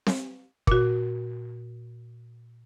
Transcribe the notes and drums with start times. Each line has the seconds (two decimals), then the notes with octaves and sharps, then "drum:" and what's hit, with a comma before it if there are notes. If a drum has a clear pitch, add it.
0.07 drum: snare C4
0.67 A#2 F#4, drum: kick